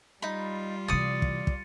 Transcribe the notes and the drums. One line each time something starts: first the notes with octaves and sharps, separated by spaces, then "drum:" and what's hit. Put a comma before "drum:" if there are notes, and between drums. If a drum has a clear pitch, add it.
G3 D#4 F4 B5
C3 E3 D5 D#6 A6 C#7 D#7
drum: kick
drum: kick